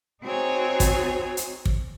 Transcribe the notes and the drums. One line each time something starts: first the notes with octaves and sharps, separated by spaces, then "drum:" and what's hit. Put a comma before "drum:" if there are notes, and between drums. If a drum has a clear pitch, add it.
C4 D#4 F#4 G#4 C#5
drum: kick, hi-hat
drum: hi-hat
drum: kick